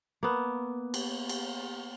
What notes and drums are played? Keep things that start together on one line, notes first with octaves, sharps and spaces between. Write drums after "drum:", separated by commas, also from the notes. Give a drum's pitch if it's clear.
A#3 B3
drum: cymbal
drum: cymbal